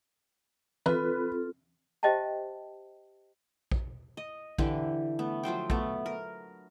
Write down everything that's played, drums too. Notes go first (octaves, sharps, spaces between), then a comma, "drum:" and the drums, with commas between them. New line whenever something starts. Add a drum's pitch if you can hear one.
C4 F4 A4 B4, drum: tom
G4 C5 D#5 E5 G5 A5
drum: kick A#1
D#5
D3 E3 G4, drum: kick A#1
A3 B3
F3 F#3 C5 G5
A3 B3, drum: kick A#1
A#4